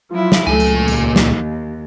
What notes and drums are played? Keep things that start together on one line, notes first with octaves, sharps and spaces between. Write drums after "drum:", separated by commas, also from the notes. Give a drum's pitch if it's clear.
F3 F#3 E4 F4
drum: snare
C#2 A#2 F#3 A3 G#5
drum: tambourine
D#2, drum: tambourine
drum: snare